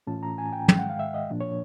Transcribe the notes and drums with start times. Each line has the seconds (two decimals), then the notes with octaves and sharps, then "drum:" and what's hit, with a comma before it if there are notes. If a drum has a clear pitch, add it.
0.07 A2 E3 A3 C#4 F4 A5
0.23 A#5
0.38 G#5
0.53 G5
0.68 G#2 D#3 G#3 G5, drum: tom
0.79 F#5
0.90 F5
0.99 E5
1.14 D#5
1.30 A#2 F3 A#3 D4
1.41 C#5